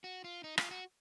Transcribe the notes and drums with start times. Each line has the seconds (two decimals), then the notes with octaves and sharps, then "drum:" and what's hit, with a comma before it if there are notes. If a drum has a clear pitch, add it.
0.04 F#4
0.24 F4
0.44 D#4
0.58 F4, drum: rim click
0.71 F#4